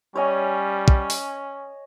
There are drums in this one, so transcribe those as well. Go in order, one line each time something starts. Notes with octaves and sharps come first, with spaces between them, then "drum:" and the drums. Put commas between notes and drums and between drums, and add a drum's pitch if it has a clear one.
G3 C#4 C#5 D#5 G#5
drum: kick
drum: open hi-hat